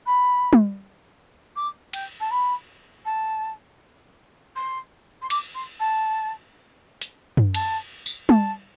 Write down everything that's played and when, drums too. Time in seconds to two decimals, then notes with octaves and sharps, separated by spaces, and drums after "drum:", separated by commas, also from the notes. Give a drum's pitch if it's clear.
0.06 B5
0.53 drum: tom
1.56 D6
1.93 G5, drum: cymbal
2.20 A5
2.31 B5
3.05 A5
4.56 C6
5.22 C6
5.30 D6, drum: cymbal
5.55 C6
5.80 A5
7.01 drum: hi-hat
7.37 drum: tom
7.54 A5, drum: cymbal
8.06 drum: tambourine
8.29 A5, drum: tom